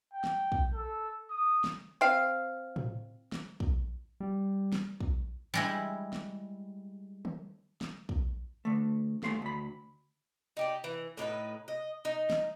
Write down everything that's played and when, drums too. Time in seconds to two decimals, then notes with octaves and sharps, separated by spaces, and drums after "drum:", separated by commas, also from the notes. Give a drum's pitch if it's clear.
0.13 G5
0.24 drum: snare
0.52 drum: kick
0.74 A4
1.30 D#6
1.64 drum: snare
2.01 C4 F5
2.76 drum: tom A2
3.32 drum: snare
3.60 drum: kick
4.20 G3
4.72 drum: snare
5.00 drum: kick
5.54 G3 G#3 E4
6.13 drum: snare
7.25 drum: tom
7.81 drum: snare
8.09 drum: kick
8.65 D3 A3
9.23 D#2 A3 C6, drum: snare
9.42 D2 B5
10.57 D#4 G4 D5
10.84 E3
11.17 A2 D4 D#4 B4
11.68 D#5
12.05 D#4
12.30 drum: snare